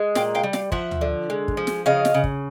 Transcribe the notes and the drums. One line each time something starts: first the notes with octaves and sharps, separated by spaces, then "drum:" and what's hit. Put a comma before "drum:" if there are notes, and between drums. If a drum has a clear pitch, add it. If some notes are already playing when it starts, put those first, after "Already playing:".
Already playing: G#3
A#2 F5 G5, drum: snare
F5 G5
G3
F5 G5, drum: snare
F3 E5 F#5, drum: kick
drum: tom D2
D3
G#3
drum: kick
F3
drum: snare
C#3 D#5 F5
drum: snare
C#3
drum: kick